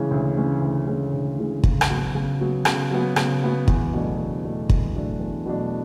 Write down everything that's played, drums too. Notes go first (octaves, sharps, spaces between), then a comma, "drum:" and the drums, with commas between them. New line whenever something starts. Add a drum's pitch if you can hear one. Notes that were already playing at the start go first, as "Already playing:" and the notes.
Already playing: C#3 E3 G#3 C#4
D2
C#3 E3 G#3 C#4
D2
C#3 E3 G#3 C#4
D2
C#3 E3 G#3 C#4
C#3, drum: kick
drum: rim click
F#3 B3 F#4
C#3
F#3 B3 F#4
C#3, drum: rim click
F#3 B3 F#4
C#3, drum: rim click
F#3 B3 F#4
E2, drum: kick
B2 F#3 A3 D4
E2
B2 F#3 A3 D4
E2, drum: kick
B2 F#3 A3 D4
E2
B2 F#3 A3 D4